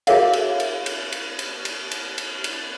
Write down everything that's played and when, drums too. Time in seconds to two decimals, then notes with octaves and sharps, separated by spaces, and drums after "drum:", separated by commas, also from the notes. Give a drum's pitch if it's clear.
0.07 F#4 G#4 A#4 C#5 E5 F5, drum: cymbal
0.33 drum: cymbal
0.60 drum: cymbal
0.86 drum: cymbal
1.12 drum: cymbal
1.39 drum: cymbal
1.65 drum: cymbal
1.91 drum: cymbal
2.18 drum: cymbal
2.44 drum: cymbal